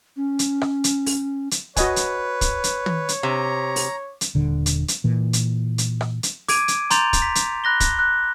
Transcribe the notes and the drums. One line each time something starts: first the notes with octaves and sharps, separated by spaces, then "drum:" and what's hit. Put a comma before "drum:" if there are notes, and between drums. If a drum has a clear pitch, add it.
C#4
drum: hi-hat
drum: rim click
drum: hi-hat
drum: open hi-hat
drum: hi-hat
F#4 B4 C#5 D#5 G#5, drum: kick, hi-hat
drum: hi-hat
drum: kick, hi-hat
drum: hi-hat
drum: tom
drum: hi-hat
C3 A#5
drum: open hi-hat
drum: hi-hat
D#1 D3
drum: hi-hat
drum: hi-hat
A#2 E3
drum: hi-hat
drum: hi-hat
drum: rim click
drum: hi-hat
D6 G#6 D7 D#7, drum: open hi-hat
drum: hi-hat
A#5 C6 G6 A6 F7, drum: hi-hat
drum: kick, hi-hat
B6
drum: hi-hat
B5 F#6 A#6 G7
drum: kick, hi-hat
F#6